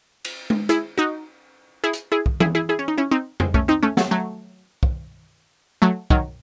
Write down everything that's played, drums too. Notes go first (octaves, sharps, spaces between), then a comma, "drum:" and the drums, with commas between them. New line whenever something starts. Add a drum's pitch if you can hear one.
drum: cymbal
drum: tom G#3
E4 G#4, drum: hi-hat
D#4 F#4
E4 G#4
drum: hi-hat
E4 G#4
drum: kick
E4 G#4, drum: tom E3
E4 G#4
E4 G#4
C#4
D#4
C#4 E4
C4 D#4
G#3 C4, drum: tom F2
A3 C#4, drum: kick
C4 D#4
A3 C#4
F#3 A3, drum: snare
F#3 A3
drum: kick
F#3 A3
D#3 F#3, drum: kick